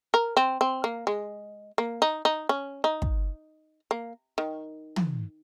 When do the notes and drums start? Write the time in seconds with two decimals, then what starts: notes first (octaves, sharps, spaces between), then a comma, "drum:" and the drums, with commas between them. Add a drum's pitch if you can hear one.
0.14 A#4
0.37 C4
0.61 C4
0.84 A#3
1.07 G#3
1.78 A#3
2.02 D#4
2.25 D#4
2.49 C#4
2.84 D#4
3.02 drum: kick
3.91 A#3
4.38 D#3
4.96 drum: tom